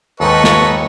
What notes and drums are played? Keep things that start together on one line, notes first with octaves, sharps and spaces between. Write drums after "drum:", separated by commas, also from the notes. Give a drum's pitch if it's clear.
D#2 G#2 D#3 A4 B4 D#5 C#6
drum: snare